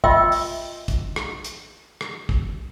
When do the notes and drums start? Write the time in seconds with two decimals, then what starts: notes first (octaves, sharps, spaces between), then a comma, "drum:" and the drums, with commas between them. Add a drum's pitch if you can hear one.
0.04 F4 D#5 E5 G5 C6 E6, drum: kick
0.32 drum: open hi-hat
0.88 drum: kick, hi-hat
1.16 drum: rim click
1.44 drum: hi-hat
2.01 drum: rim click
2.29 drum: kick